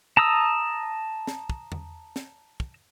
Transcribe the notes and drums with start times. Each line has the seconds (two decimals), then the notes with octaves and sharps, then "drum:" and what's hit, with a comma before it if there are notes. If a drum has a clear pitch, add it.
0.17 A5 A#5 D#6 E6
1.27 drum: snare
1.50 drum: kick
1.72 drum: tom E2
2.16 drum: snare
2.60 drum: kick